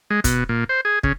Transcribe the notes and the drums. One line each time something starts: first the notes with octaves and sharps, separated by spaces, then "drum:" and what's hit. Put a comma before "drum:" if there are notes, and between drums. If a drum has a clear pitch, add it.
G#3
B2, drum: kick, hi-hat
A#2
C5
G#4
C#3, drum: kick